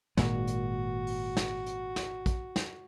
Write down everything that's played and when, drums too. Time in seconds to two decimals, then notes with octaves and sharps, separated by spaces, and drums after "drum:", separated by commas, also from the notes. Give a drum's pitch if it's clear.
0.17 G#1 A#2 G#3 F#4, drum: snare
0.47 drum: hi-hat
1.07 drum: open hi-hat
1.37 drum: snare
1.66 drum: hi-hat
1.96 drum: snare
2.26 drum: kick, hi-hat
2.56 drum: snare